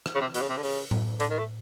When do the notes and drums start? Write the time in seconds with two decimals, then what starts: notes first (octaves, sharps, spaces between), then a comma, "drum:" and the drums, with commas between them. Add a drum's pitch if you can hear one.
0.06 drum: rim click
0.15 C#3
0.21 C3
0.34 B2, drum: hi-hat
0.42 C#3
0.49 C3
0.57 D3
0.63 C#3, drum: open hi-hat
0.91 drum: tom A2
1.20 D3, drum: hi-hat
1.30 D#3
1.38 A3